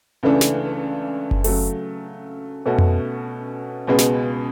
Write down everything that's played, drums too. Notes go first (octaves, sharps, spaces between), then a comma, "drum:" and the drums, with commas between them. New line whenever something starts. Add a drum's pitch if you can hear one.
C#2 C#3 E3 A3 D4
drum: snare
drum: kick F#1
C#3 F#3 A3, drum: open hi-hat
B2 A3 C#4 F#4
drum: tom F2
C#2 B2 G#3 B3
drum: snare